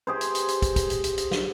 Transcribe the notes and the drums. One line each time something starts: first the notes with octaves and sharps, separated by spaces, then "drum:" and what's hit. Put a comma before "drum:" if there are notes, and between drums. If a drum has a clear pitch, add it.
G4 G#4 C5
drum: hi-hat
drum: hi-hat
drum: hi-hat
drum: kick, hi-hat
drum: kick, hi-hat
drum: hi-hat
drum: hi-hat
drum: hi-hat
drum: snare